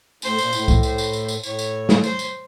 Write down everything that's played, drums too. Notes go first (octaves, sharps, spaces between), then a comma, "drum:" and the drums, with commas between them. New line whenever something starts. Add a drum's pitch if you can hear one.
A2 C5, drum: tambourine
A#2, drum: tambourine
A2, drum: tambourine
drum: kick C2, tambourine
C5, drum: tambourine
drum: tambourine
drum: tambourine
drum: tambourine
A2 C#5, drum: tambourine
drum: tambourine
drum: snare
C5, drum: tambourine
drum: tambourine